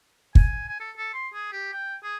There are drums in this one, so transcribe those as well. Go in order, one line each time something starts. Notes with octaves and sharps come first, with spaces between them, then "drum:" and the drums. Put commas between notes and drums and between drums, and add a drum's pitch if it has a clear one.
G#5, drum: kick
G#5
A4
A4
C6
G#4
G4
G5
G#4